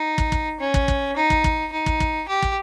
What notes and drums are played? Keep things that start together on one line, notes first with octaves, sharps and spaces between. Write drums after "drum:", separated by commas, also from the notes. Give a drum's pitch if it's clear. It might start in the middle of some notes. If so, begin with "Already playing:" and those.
Already playing: D#4
drum: kick
drum: kick
C#4
drum: kick
drum: kick
D#4
drum: kick
drum: kick
D#4
drum: kick
drum: kick
G4
drum: kick